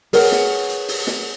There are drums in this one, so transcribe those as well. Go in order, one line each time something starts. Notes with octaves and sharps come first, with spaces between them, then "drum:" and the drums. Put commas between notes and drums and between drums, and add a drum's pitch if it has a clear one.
G#4 A#4 B4 C#5 F#5 G#5, drum: open hi-hat
drum: snare
drum: hi-hat
drum: open hi-hat
drum: snare